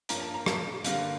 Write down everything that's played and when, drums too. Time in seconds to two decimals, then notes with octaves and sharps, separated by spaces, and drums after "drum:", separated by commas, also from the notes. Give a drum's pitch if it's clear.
0.09 G2 F3 A#3 A#5, drum: hi-hat
0.22 A5
0.34 A#5
0.46 A5, drum: rim click
0.84 G2 D3 G3 A#3 F5, drum: hi-hat